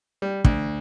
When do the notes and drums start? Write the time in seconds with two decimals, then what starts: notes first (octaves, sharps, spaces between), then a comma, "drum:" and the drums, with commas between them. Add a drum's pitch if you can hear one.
0.22 G3
0.44 D2, drum: kick